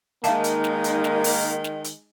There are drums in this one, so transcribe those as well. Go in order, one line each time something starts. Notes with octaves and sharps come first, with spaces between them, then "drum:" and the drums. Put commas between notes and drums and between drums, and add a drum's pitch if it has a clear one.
D#3 G#3 A#3 D#4 E5 F5 A5, drum: hi-hat
drum: hi-hat
drum: snare
drum: hi-hat
drum: snare
drum: open hi-hat
drum: snare
drum: hi-hat